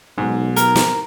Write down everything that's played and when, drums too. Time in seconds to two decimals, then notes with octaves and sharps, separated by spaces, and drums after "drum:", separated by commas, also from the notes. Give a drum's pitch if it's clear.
0.18 B1 G#2
0.56 A#4, drum: hi-hat
0.76 drum: snare